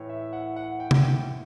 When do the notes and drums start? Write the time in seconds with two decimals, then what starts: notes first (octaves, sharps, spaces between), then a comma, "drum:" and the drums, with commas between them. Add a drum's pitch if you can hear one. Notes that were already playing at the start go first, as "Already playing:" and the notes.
Already playing: A2 E3 C#5
0.09 E5
0.33 F#5
0.56 F#5
0.80 G5
0.91 drum: tom
1.03 G5